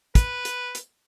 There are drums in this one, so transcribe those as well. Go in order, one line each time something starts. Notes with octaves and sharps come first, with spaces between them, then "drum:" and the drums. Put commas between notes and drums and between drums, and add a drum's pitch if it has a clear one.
B4, drum: kick, hi-hat
drum: hi-hat
drum: hi-hat